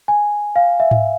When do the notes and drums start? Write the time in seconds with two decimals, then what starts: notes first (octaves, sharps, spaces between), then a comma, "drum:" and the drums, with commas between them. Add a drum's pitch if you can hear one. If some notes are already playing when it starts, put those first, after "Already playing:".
0.08 G#5
0.56 F5
0.80 E5
0.91 drum: tom G#2